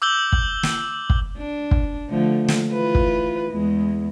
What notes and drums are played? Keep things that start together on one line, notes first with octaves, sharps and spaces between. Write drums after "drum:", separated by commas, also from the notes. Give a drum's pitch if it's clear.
D6 E6 G6 F#7 G7
drum: kick
drum: snare
drum: kick
D4
drum: kick
D3 F3 A3
drum: snare
E3 F4 B4
drum: kick
E2 G#3